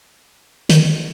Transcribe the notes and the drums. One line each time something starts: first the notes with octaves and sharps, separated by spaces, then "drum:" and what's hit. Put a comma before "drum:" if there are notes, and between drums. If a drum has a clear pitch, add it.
D#3, drum: hi-hat